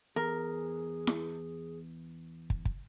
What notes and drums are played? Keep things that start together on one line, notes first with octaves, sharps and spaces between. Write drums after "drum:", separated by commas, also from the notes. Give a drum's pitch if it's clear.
E2 G#4 A#4
drum: snare E4
drum: kick
drum: kick